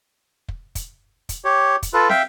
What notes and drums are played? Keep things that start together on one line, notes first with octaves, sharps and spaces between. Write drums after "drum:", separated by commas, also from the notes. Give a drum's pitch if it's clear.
drum: kick
drum: kick, hi-hat
drum: kick, hi-hat
G4 C#5
drum: kick, hi-hat
F4 A4 B4
E5 F5 G5, drum: snare